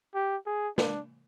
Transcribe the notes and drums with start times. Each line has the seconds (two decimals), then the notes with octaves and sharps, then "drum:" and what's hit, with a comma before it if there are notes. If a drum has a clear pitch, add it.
0.15 G4
0.46 G#4
0.78 D4, drum: snare